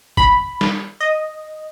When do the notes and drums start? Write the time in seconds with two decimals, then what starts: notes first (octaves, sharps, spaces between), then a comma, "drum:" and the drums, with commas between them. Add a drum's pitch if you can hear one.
0.17 B5, drum: kick G#1
0.61 drum: snare
1.00 D#5